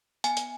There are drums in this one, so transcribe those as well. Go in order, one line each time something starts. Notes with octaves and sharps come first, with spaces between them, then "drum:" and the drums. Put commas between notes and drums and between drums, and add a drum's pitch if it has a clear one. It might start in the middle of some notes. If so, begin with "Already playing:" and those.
B3 G#5, drum: hi-hat
drum: hi-hat